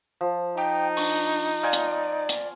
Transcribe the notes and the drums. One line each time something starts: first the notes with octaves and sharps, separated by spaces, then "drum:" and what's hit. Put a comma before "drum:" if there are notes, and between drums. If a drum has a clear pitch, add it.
F3
D#4 G5
D4 C#6, drum: open hi-hat
F4 D5 G#5
drum: hi-hat
drum: hi-hat